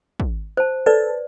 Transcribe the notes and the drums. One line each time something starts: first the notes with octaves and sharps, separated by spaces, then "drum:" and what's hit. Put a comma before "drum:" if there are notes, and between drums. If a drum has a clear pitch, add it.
drum: kick
C5 A5
A4 B4 D5